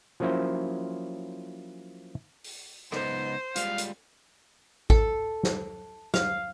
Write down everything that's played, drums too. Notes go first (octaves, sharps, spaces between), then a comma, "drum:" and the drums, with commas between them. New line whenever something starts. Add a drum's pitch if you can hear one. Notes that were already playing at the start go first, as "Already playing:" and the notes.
F3 F#3 A#3 C#4 E4 C5
drum: open hi-hat
C#2 B3 D#4 C5, drum: rim click
G3 G#3 F4 F5, drum: hi-hat
drum: hi-hat
A4, drum: kick A1
drum: snare
F5, drum: snare